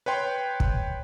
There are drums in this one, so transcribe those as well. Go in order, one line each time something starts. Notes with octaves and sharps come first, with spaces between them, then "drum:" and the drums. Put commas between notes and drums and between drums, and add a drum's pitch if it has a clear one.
B4 C#5 G5 C6
drum: kick